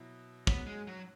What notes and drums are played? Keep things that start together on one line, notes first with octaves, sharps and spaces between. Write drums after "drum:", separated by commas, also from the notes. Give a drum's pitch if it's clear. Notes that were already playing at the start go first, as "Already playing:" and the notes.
Already playing: B2 F#3 E4
G#2 F#3 B3 C#4 F#4, drum: kick
G#3
F#3